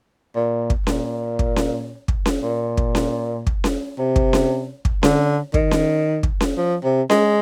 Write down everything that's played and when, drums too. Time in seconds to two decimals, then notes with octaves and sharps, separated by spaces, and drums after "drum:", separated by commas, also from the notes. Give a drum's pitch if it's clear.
0.36 A#2
0.70 drum: kick
0.87 A#2, drum: snare C#4
1.39 drum: kick
1.56 drum: snare C#4
2.08 drum: kick
2.26 drum: snare C#4
2.43 A#2
2.77 drum: kick
2.95 drum: snare C#4
3.47 drum: kick
3.64 drum: snare C#4
3.98 C3
4.16 drum: kick
4.33 drum: snare C#4
4.85 drum: kick
5.03 D3, drum: snare C#4
5.54 D#3, drum: kick
5.71 drum: snare C#4
6.23 drum: kick
6.41 drum: snare C#4
6.57 F3
6.84 C3
7.10 G#3, drum: snare C#4